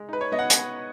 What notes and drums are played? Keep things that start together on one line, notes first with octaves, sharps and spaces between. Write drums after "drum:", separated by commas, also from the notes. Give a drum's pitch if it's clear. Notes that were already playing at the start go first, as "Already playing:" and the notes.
Already playing: G#3
D#4 B4
C#5
B3 D#5
F#5
drum: hi-hat